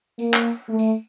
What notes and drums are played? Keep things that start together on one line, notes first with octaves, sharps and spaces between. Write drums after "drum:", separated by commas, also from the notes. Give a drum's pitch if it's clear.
A#3, drum: tambourine
drum: clap
drum: tambourine
A3
drum: tambourine